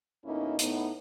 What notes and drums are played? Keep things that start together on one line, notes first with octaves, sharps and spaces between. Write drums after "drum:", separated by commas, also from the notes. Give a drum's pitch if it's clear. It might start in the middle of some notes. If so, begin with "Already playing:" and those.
F2 B2 A#3 C#4 D#4 E4
A2 B3 D#4, drum: hi-hat